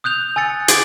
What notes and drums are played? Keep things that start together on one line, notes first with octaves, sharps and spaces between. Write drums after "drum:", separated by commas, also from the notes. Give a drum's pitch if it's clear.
D#6 F#6 G6 F7
G#5 E6 A6 C#7
D6 D#6 A6 C7 D7 F#7, drum: hi-hat